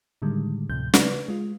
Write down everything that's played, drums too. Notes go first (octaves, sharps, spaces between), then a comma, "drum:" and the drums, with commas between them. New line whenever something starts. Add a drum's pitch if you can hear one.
A2 D3 D#3 G3 G#3
D2 A2 C3 F3 G6
C#3 B4 D5, drum: snare
G#3 F4